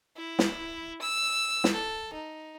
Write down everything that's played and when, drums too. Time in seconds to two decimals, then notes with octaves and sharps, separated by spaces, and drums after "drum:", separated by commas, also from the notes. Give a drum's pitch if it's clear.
0.17 E4
0.39 drum: snare
1.01 E6
1.64 drum: snare
1.73 A4
2.13 D#4